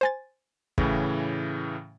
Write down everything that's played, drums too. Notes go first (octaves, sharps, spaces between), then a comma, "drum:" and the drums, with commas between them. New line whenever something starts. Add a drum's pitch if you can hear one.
C5 G#5 A6
A2 C#3 E3, drum: kick